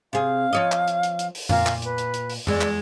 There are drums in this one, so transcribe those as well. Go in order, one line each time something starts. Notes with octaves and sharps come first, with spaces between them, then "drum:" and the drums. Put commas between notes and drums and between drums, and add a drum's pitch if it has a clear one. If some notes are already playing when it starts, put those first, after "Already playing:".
C3 G#4 F5
F3 C#5 D#5
drum: clap
drum: hi-hat
drum: hi-hat
drum: hi-hat
drum: open hi-hat
A#2 F4 A#4 F5, drum: tom F2
drum: clap
B4, drum: hi-hat
drum: hi-hat
drum: hi-hat
drum: open hi-hat
E2 G#3 D5 E6, drum: tom F2
drum: clap